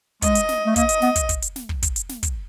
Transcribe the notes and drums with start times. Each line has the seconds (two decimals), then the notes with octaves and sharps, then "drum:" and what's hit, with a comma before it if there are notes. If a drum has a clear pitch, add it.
0.22 G#3 D#5, drum: kick, hi-hat
0.35 drum: hi-hat
0.49 drum: snare
0.66 A3
0.76 A#3 D#5, drum: kick, hi-hat
0.89 drum: hi-hat
1.02 B3, drum: snare
1.16 drum: kick, hi-hat
1.29 drum: kick, hi-hat
1.42 drum: hi-hat
1.56 drum: snare
1.69 drum: kick
1.83 drum: kick, hi-hat
1.96 drum: hi-hat
2.09 drum: snare
2.23 drum: kick, hi-hat